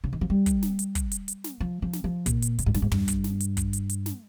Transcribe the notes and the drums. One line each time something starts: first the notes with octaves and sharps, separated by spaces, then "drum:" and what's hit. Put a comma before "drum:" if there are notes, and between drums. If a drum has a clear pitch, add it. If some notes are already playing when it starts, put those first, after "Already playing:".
C#3
D#3
F3
G3
drum: kick, hi-hat
drum: snare
drum: hi-hat
drum: kick, hi-hat
drum: hi-hat
drum: hi-hat
drum: snare
F3
F3
drum: snare
F3
A#2, drum: kick, hi-hat
drum: hi-hat
A#2, drum: hi-hat
G#2
G2, drum: snare
G#2
G2, drum: tom
drum: kick, hi-hat
drum: snare
drum: hi-hat
drum: kick, hi-hat
drum: hi-hat
drum: hi-hat
drum: snare